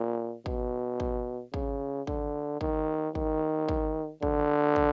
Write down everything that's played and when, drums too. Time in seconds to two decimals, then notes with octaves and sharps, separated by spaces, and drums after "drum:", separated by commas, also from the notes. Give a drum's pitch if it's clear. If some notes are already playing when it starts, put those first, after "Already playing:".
Already playing: A#2
0.46 B2, drum: kick
1.00 drum: kick
1.54 C#3, drum: kick
2.07 D3, drum: kick
2.61 D#3, drum: kick
3.15 D#3, drum: kick
3.69 drum: kick
4.23 D3, drum: kick
4.76 drum: kick